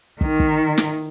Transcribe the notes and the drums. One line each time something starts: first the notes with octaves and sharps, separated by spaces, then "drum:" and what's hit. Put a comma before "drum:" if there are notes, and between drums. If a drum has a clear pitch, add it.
D#3, drum: kick
drum: kick
drum: snare